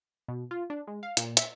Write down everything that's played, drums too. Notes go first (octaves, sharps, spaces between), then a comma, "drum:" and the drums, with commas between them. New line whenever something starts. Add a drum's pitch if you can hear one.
B2
F4
D4
G#3
F5
A#2, drum: hi-hat
E5, drum: hi-hat